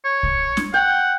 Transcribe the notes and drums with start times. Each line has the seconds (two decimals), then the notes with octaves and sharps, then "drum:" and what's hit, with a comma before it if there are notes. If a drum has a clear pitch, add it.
0.05 C#5
0.23 drum: kick B1
0.57 drum: snare
0.74 F#5 G5